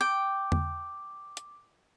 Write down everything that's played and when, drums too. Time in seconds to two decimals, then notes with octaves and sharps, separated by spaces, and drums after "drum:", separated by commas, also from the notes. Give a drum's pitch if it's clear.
0.01 G5 D6
0.52 drum: tom E2
1.37 drum: hi-hat